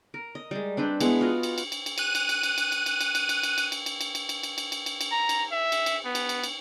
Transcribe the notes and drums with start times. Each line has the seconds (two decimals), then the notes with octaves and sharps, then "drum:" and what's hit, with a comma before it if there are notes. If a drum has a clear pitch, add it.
0.14 A#4
0.35 D#5
0.51 G3 G#3
0.77 C4 D4 B4 G5
1.00 G#3 B3 E4, drum: cymbal
1.21 F4 F#4 D#5
1.43 drum: cymbal
1.58 drum: cymbal
1.72 drum: cymbal
1.86 drum: cymbal
1.98 F#6 D#7, drum: cymbal
2.15 drum: cymbal
2.29 drum: cymbal
2.43 drum: cymbal
2.58 drum: cymbal
2.72 drum: cymbal
2.86 drum: cymbal
3.01 drum: cymbal
3.15 drum: cymbal
3.29 drum: cymbal
3.43 drum: cymbal
3.58 drum: cymbal
3.72 drum: cymbal
3.86 drum: cymbal
4.01 drum: cymbal
4.15 drum: cymbal
4.29 drum: cymbal
4.43 drum: cymbal
4.58 drum: cymbal
4.72 drum: cymbal
4.86 drum: cymbal
5.01 drum: cymbal
5.12 A#5
5.29 drum: cymbal
5.52 E5
5.72 drum: cymbal
5.86 drum: cymbal
6.05 B3
6.15 drum: cymbal
6.29 drum: cymbal
6.44 drum: cymbal